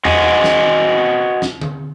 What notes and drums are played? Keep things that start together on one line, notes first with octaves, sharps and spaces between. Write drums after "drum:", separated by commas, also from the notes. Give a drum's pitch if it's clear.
F#4 C5 D#5 F#5 G#5, drum: tom E2
drum: snare
drum: snare
drum: tom D3